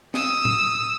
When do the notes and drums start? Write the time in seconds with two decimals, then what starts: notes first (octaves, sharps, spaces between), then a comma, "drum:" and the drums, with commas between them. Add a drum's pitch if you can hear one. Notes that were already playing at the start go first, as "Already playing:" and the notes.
0.14 D#6 E6, drum: snare
0.45 drum: tom A2